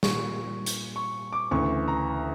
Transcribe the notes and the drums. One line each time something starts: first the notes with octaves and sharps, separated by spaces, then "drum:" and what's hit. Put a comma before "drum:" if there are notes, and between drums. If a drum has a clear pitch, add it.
A#2 G3 C#6, drum: snare
drum: hi-hat
C#6
D6
D2 C#3 E3 C#6
A#5